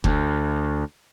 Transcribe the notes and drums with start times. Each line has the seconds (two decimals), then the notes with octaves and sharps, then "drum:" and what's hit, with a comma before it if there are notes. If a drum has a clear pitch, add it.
0.04 D2, drum: kick F1